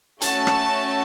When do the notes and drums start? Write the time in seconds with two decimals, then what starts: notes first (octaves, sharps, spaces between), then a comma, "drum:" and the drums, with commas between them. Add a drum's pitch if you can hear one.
0.22 A3 C#4 F#4 A5, drum: hi-hat
0.47 drum: rim click